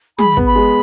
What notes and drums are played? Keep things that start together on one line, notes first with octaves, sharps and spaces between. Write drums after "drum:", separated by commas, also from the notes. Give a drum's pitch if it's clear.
G#4 B5, drum: tom
B3, drum: kick
B5
G#3